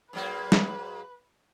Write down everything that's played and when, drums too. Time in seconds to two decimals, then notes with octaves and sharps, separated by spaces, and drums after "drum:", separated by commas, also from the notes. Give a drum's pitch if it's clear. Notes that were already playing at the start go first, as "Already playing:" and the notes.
0.13 G#2 F#3 A#3 B4
0.52 drum: snare G3